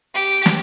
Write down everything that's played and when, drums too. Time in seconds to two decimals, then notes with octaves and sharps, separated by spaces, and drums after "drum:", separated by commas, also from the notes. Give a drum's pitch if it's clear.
0.14 G4
0.46 drum: snare